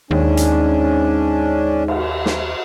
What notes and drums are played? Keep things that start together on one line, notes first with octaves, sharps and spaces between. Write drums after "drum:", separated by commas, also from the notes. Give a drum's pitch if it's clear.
D#2 G#2 C#4 D4
drum: hi-hat
drum: cymbal
drum: snare